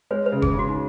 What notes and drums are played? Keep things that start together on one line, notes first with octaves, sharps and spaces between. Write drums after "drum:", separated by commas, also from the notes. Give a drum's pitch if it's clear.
G#3 B4 C#5
B4
C#3
G#4, drum: kick F1
C#3
F#4
D#4